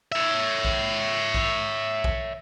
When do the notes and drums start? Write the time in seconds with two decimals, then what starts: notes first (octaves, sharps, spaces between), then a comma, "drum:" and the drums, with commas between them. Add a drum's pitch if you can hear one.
0.12 C#5 E5
0.65 drum: kick A#1
1.34 drum: kick A#1
2.04 drum: kick A#1